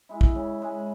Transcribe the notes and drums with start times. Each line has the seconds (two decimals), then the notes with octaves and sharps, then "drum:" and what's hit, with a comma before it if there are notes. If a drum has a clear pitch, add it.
0.09 G#3 E4
0.21 drum: kick
0.35 C#3
0.62 G#3